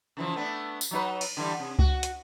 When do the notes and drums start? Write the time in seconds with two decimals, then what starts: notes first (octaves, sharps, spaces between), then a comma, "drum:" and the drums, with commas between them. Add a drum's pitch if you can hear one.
0.17 C#3 E3 F3
0.36 A3 B3 D4
0.81 drum: tambourine
0.91 F#3 D#4 B4
1.21 drum: cymbal
1.37 D3 E3 G3
1.60 C3
1.79 F#4, drum: kick C#2
2.03 drum: hi-hat